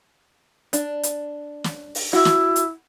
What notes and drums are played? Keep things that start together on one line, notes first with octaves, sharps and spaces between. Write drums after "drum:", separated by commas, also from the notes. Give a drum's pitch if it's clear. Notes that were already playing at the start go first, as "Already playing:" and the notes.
D4, drum: hi-hat
drum: hi-hat
drum: snare
drum: open hi-hat
E4 F#4
drum: snare
drum: hi-hat